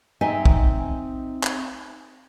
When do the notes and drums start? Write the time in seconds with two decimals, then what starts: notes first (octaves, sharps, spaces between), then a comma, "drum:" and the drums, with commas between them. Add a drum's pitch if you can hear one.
0.21 C4 D#4 D#5 E5 G#5
0.45 drum: kick
1.43 drum: clap